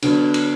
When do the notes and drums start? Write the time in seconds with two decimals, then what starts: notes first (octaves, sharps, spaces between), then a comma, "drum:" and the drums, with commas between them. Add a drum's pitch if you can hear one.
0.02 D3 F#3 B3 D4, drum: cymbal
0.34 drum: cymbal